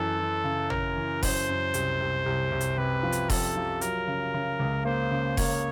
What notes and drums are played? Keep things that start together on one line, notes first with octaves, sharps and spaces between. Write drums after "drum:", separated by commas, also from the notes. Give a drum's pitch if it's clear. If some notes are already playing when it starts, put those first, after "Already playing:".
Already playing: F#2 E3 A4
E3
C#3
C#3 A#4, drum: tom
E3
F#2 C5, drum: kick F1, open hi-hat
F#2
C2, drum: hi-hat
C2
C2
C2
drum: hi-hat
C3 B4
F3
drum: hi-hat
F3 A4, drum: kick F1, open hi-hat
F3
F#3 A#4, drum: hi-hat
C#3
C#3
C#2
A#3 C5
C#3
A#3 C#5, drum: kick F1, open hi-hat